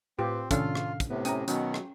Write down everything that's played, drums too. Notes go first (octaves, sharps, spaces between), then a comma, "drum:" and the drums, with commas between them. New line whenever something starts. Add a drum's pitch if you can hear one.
A2 C4 F4 G4 B4
A2 C3 D#3 C#4 D4 F4 A4 F5, drum: kick, hi-hat
drum: rim click
drum: kick, hi-hat
A2 C3 B3
C#4 G5 A#5 D#6, drum: hi-hat
B2 D#3 F#3 B3 C#4, drum: hi-hat
drum: rim click